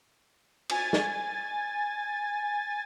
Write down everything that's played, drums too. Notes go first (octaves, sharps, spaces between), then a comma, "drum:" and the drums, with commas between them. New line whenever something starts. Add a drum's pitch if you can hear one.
G#5 A6, drum: cymbal
drum: snare